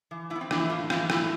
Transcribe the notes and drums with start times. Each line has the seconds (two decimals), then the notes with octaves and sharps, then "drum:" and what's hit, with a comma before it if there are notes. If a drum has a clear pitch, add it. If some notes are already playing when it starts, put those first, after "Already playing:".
0.11 E3
0.30 A2 E4
0.36 B3
0.41 C4
0.51 E3 D4, drum: rim click
0.60 E4
0.70 A2 F4
0.90 E3 F4, drum: rim click
1.10 A2 E4, drum: rim click